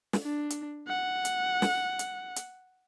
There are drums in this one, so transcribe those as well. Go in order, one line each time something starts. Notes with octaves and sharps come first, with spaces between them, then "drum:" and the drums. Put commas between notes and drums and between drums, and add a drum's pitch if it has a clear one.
drum: snare
D4
drum: hi-hat
F#5
drum: hi-hat
drum: snare
drum: hi-hat
drum: hi-hat